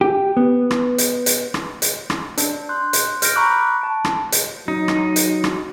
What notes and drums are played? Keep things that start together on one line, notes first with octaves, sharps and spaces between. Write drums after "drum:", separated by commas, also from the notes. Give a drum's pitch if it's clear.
G4
B3
drum: rim click
drum: hi-hat
drum: hi-hat
drum: rim click
drum: hi-hat
drum: rim click
D4, drum: hi-hat
C6 F#6 G6
drum: hi-hat
F6 G6 A#6 D7, drum: hi-hat
A#5 B5 C#6 D6 F#6
A5 D7
drum: rim click
drum: hi-hat
F#3 D#4
drum: rim click
drum: hi-hat
drum: rim click